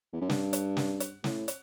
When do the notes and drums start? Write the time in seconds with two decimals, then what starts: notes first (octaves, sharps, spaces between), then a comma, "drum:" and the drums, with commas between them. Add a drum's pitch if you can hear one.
0.13 E2
0.21 F#2
0.30 G2, drum: snare
0.53 drum: hi-hat
0.77 drum: snare
1.00 drum: hi-hat
1.24 A2, drum: snare
1.48 drum: hi-hat